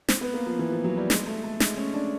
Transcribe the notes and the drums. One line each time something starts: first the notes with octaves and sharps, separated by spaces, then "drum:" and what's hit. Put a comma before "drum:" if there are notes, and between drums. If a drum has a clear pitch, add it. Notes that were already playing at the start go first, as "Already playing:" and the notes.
C4, drum: snare
B3
A#3
F3
E3
F3
F#3
G3
G#3, drum: snare
A3
A3
G#3, drum: snare
C#4
D4